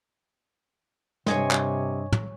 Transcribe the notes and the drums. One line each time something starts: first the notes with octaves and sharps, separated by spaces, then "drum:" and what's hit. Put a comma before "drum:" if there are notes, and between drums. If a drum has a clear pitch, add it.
G2 C3 C#5 D#5 G#5 C6, drum: snare
drum: clap
drum: tom